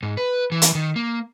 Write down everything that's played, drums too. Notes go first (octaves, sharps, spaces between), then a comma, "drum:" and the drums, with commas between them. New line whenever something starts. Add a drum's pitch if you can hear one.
G#2
B4
E3
drum: hi-hat
D#3
A#3